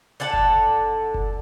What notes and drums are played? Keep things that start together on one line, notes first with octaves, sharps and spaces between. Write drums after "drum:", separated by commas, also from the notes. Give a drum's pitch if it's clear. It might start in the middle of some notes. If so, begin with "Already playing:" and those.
D3 A4 F#5 A5
drum: kick F#1
drum: kick F#1